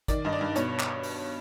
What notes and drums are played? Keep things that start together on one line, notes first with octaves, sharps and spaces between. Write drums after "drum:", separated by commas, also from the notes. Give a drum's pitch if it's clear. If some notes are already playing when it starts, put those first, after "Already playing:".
D#3 D5, drum: kick G#1, hi-hat
G2 D#5
D5
G2
B2 C#5, drum: hi-hat
drum: clap
drum: open hi-hat